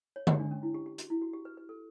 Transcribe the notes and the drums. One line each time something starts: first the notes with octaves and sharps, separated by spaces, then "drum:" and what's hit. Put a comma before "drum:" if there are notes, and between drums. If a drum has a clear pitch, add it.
C#5
C#5, drum: tom D3
D4
C#4
E4
G4
G4
F#4, drum: hi-hat
E4
F#4
G4
B4
B4
A4